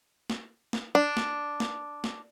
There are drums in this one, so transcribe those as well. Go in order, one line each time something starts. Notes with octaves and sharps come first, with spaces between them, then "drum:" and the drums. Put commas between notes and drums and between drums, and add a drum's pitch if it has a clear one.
drum: snare
drum: snare
D4
drum: snare
drum: snare
drum: snare